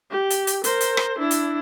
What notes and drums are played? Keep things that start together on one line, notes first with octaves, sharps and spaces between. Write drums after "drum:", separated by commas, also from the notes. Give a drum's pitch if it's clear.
G4
drum: hi-hat
drum: hi-hat
A#4 C5, drum: hi-hat
drum: hi-hat
drum: rim click
D4 E4
drum: hi-hat